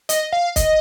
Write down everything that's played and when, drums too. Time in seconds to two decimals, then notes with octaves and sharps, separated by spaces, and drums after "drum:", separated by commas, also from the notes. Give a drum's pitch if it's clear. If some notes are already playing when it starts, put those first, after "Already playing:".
0.09 D#5, drum: hi-hat
0.32 F5
0.56 D#5, drum: kick, hi-hat